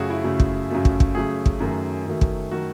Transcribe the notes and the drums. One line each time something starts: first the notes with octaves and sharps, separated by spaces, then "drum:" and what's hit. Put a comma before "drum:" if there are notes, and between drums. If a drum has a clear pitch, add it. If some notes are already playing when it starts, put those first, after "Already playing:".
Already playing: F#2 C#3 F#3 A3 F#4 G#4
E4
F#2 C#3 F#3 A3
drum: kick
F#2 C#3 F#3 A3
drum: kick
drum: kick
F#2 C#3 F#3 A3 G#4
drum: kick
F#2 D#3 F#3 A3
F#2 D#3 F#3 A3
drum: kick
D#3 F#3 A3 F#4